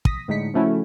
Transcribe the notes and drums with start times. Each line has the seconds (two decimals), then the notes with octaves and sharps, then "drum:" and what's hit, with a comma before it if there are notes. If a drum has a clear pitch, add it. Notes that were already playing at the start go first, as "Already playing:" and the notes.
0.05 D#6 A#6 B6, drum: kick
0.28 A2 D3 G#3 D#4 B6 C#7
0.54 C#3 F3 A3 C#4 E4 F#4